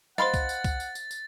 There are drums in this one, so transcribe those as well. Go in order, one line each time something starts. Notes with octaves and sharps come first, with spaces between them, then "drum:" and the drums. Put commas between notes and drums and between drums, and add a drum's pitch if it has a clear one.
C5 D#5 F5 F#5 B5 C6 A6, drum: snare
drum: kick, tambourine
drum: tambourine
drum: kick, tambourine
drum: tambourine
drum: tambourine
drum: tambourine